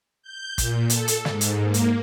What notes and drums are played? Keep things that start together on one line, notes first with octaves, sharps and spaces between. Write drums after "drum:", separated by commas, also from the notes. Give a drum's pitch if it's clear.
G6
A#2, drum: kick, hi-hat
A4, drum: hi-hat
drum: hi-hat
G#2, drum: snare
drum: hi-hat
A#3
drum: hi-hat